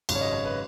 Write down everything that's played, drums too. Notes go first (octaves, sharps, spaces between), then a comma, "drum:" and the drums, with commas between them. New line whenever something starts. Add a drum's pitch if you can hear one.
G#1 F#2 C#3, drum: cymbal
C#5
D#5
C#5
B4